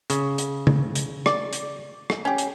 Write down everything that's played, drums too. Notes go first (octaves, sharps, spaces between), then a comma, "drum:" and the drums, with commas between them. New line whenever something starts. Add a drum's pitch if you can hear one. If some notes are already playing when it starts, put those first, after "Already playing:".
C#3, drum: hi-hat
drum: hi-hat
drum: tom
drum: hi-hat
D5, drum: rim click
drum: hi-hat
drum: rim click
C#4 G4
drum: hi-hat